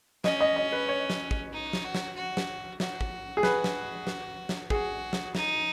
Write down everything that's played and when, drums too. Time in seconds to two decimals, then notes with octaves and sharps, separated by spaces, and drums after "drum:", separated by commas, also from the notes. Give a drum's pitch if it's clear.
0.24 C#4 D#5, drum: snare
0.41 D#5
0.56 D#5
0.72 B4
0.88 C#5
1.10 drum: snare
1.31 drum: kick
1.53 D#4
1.73 drum: snare
1.84 F#4
1.95 drum: snare
2.15 F#4
2.37 drum: snare
2.80 F#4, drum: snare
3.01 drum: kick
3.37 G#4
3.43 F#4 B4, drum: snare
3.64 drum: snare
4.07 drum: snare
4.49 drum: snare
4.70 F#4 G#4, drum: kick
5.13 drum: snare
5.35 D#4, drum: snare